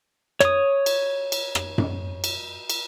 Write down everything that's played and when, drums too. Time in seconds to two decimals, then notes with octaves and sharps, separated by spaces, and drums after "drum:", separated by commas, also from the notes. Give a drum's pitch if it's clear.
0.40 C#5 D#6, drum: rim click
0.86 drum: cymbal
1.32 drum: cymbal
1.55 drum: rim click
1.78 drum: tom F#2
2.24 drum: cymbal
2.70 drum: cymbal